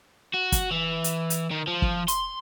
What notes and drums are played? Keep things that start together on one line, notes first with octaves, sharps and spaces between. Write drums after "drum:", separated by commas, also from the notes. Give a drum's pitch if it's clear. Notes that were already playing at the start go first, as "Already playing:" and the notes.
F#4
drum: kick, hi-hat
E3
drum: hi-hat
drum: hi-hat
D#3
F3
drum: kick
C6, drum: hi-hat